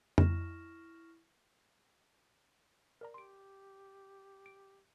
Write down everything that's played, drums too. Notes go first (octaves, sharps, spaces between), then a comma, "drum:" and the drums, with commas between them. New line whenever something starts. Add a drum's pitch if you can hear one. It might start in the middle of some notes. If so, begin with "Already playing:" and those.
E4 C#6 F6 A#6 E7, drum: tom
A#4 D5 A#5
G4 C6 D7
D7